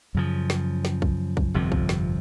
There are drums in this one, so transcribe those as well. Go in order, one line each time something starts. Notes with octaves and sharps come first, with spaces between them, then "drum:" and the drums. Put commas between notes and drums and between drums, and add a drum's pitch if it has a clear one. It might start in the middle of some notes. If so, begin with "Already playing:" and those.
F#2 C#3 F3
drum: snare
drum: snare
drum: kick B1
drum: kick B1
G1 F2 C3 F3
drum: kick B1
drum: snare